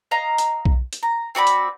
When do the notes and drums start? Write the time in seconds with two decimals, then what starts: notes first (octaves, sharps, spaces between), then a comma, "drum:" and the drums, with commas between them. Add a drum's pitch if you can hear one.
0.11 D#5 F5 A#5
0.38 drum: hi-hat
0.65 drum: kick B1
0.93 drum: hi-hat
1.03 A#5
1.35 C4 F#4 D5 B5
1.47 drum: hi-hat